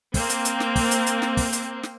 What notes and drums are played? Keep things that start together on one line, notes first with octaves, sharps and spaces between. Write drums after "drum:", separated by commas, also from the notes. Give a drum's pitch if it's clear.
A#3 C4, drum: kick, open hi-hat
drum: hi-hat
drum: hi-hat
drum: snare
drum: kick, open hi-hat
drum: hi-hat
drum: hi-hat
drum: snare
drum: kick, open hi-hat
drum: hi-hat
drum: snare